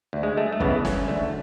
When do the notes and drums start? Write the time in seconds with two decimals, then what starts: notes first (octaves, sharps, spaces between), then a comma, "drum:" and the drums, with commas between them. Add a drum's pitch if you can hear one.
0.13 D2
0.23 G#3
0.37 A3
0.53 A3
0.60 C#3 E3 B3, drum: kick
0.85 C#4, drum: snare
1.08 D2 A3